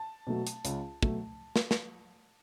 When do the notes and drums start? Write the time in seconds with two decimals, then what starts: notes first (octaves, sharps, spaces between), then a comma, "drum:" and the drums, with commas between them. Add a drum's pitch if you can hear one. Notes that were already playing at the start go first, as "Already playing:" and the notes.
Already playing: A5
0.27 B2 F#3 A3
0.47 drum: hi-hat
0.65 C#2, drum: hi-hat
1.03 B2 F#3 A3, drum: kick
1.56 drum: snare
1.71 drum: snare